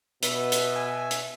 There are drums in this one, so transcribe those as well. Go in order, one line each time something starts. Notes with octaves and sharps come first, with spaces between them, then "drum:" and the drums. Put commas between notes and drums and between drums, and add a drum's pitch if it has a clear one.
B2 B4 E5, drum: hi-hat
drum: hi-hat
G#5
drum: hi-hat